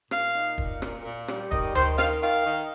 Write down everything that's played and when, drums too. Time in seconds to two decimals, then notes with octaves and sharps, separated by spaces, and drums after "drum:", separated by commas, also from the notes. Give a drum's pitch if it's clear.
0.11 A#2 F5, drum: rim click
0.35 D#4
0.58 A#2, drum: kick
0.82 A#2, drum: rim click
1.04 A#2
1.28 G3, drum: rim click
1.52 D#3 D#5, drum: kick
1.75 D#3 C5, drum: tom D2
1.98 D#3 F5, drum: rim click
2.22 D#3 F5
2.46 D#3